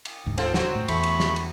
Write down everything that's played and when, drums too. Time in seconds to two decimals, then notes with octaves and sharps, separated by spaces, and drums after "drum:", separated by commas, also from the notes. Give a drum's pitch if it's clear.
0.05 drum: cymbal
0.26 D1 D2 G#2
0.38 C4 F4 A4, drum: cymbal
0.54 F#3 C4 F#4, drum: snare
0.75 A2
0.88 E2 A3 B5 C#6, drum: cymbal
1.03 drum: cymbal
1.20 drum: snare
1.36 drum: cymbal